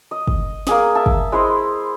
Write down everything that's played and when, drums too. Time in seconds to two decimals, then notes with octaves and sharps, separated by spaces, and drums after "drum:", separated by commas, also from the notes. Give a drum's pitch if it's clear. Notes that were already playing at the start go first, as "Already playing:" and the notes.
0.11 D#5
0.27 drum: kick
0.67 A#3 G#4 D#5, drum: snare
0.95 E5 A5
1.06 drum: kick
1.32 G#3 E4 C5 D#5